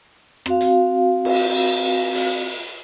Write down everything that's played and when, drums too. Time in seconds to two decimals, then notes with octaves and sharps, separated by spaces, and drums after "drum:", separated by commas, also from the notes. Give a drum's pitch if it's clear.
0.46 C4 F#4 F5, drum: rim click
0.61 drum: hi-hat
1.25 drum: cymbal
2.15 drum: open hi-hat